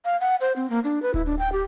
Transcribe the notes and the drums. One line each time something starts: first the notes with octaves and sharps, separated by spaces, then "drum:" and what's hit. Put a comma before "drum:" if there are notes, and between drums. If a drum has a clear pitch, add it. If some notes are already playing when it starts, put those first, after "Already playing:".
F5
F#5
C5
C4
A#3
D4
B4
E4, drum: kick D1
D4
G5
G4